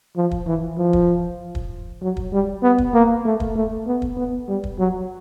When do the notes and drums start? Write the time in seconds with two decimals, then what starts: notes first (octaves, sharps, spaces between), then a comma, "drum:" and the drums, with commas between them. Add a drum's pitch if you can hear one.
0.17 F3
0.31 drum: kick
0.47 E3
0.78 F3
0.93 drum: kick
1.55 drum: kick
2.02 F#3
2.17 drum: kick
2.33 G3
2.62 B3
2.78 drum: kick
2.94 A#3
3.25 A3
3.40 drum: kick
3.55 A3
3.87 B3
4.02 drum: kick
4.17 B3
4.48 G3
4.64 drum: kick
4.79 F#3